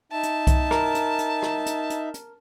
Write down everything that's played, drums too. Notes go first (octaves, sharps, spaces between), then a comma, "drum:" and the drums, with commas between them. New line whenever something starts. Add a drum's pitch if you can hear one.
D#4 E5 A5
drum: hi-hat
drum: kick C2, hi-hat
A#4, drum: rim click
drum: hi-hat
drum: hi-hat
drum: rim click
drum: hi-hat
drum: hi-hat
drum: hi-hat